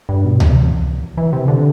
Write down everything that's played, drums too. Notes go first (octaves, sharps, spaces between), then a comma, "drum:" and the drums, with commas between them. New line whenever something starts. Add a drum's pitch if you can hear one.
G2
B2
C3, drum: tom C#2
E3
E3
C3
D3